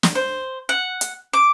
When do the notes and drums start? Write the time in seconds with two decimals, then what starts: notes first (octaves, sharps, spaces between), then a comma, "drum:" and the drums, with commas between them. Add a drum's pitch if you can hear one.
0.03 drum: snare
0.15 C5
0.69 F#5
1.01 drum: hi-hat
1.33 D6